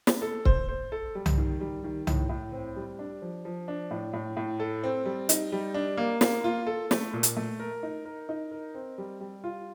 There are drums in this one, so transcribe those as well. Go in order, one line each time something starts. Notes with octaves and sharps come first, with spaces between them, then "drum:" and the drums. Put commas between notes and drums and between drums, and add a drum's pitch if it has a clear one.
drum: snare
A4
C5, drum: kick C#1
C5
A4
G3
drum: tom C2
D#3
G3
D#3
A2, drum: tom C2
A2
C4
G3
D4
F3
F3
D4
A2
A2
A2
A4
C4
G3
D#4, drum: hi-hat
G3
D4
A#3
A#3, drum: snare
F4
A4
A3, drum: snare
A#2
drum: hi-hat
A3
A#4
D#4
A#4
D#4
A#4
C4
G3
G3
F4